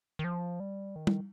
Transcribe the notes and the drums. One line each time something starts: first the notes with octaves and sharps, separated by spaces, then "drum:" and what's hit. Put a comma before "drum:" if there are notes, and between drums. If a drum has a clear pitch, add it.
D#3
F3
G3
D#3
drum: tom G3